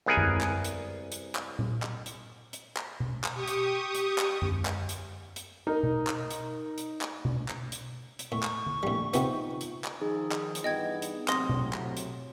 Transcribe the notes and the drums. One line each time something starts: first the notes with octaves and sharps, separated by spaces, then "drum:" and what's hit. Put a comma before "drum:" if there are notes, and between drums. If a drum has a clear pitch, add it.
C2 B3 G#4 A#4 F#5 G#5
drum: tom F#2
drum: clap
drum: hi-hat
drum: hi-hat
drum: clap
drum: tom A#2
drum: clap
drum: hi-hat
drum: hi-hat
drum: clap
drum: tom B2
drum: clap
G4 C#6 D#6
drum: hi-hat
drum: hi-hat
drum: clap
drum: tom F#2
drum: clap
drum: hi-hat
drum: hi-hat
D#4 A#4
drum: tom B2
drum: clap
drum: hi-hat
drum: hi-hat
drum: clap
drum: tom B2
drum: clap
drum: hi-hat
drum: hi-hat
A2 C#6
drum: clap
drum: tom D3
A#1 A2 G3
C3 B3 D#4 F4 G5, drum: hi-hat
drum: hi-hat
drum: clap
D#3 F3 D#4 G#4
drum: clap
drum: hi-hat
G2 E3 B3 D#5 G5 G#6
drum: hi-hat
A2 C3 F#3 C4 C6 D#6 A#6, drum: clap
drum: tom B2
drum: clap
drum: hi-hat